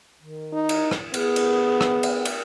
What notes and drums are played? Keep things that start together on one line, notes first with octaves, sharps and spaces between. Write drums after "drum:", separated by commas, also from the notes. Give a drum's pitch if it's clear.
D#3
D#4
drum: cymbal
drum: rim click
B3 G#4, drum: cymbal
drum: cymbal
drum: rim click
drum: cymbal
drum: cymbal